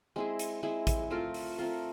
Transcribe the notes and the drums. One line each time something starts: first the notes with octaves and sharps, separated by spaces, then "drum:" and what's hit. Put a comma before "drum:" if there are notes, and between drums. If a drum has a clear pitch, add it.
G#3 C4 E4 G#4
drum: hi-hat
G#3 C4 E4 G#4
drum: kick, hi-hat
A3 C4 F4 A#4
drum: open hi-hat
A3 C4 F4 A#4